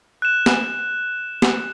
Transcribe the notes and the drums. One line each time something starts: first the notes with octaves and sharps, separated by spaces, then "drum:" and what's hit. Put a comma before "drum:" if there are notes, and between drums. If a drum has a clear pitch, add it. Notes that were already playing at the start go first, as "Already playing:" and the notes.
F#6 E7
drum: snare
drum: snare